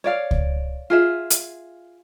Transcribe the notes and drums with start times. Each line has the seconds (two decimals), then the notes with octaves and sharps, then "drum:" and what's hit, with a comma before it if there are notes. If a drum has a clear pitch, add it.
0.04 C#5 D5 F5
0.31 drum: kick C#2
0.90 F4 G#4 E5
1.31 drum: hi-hat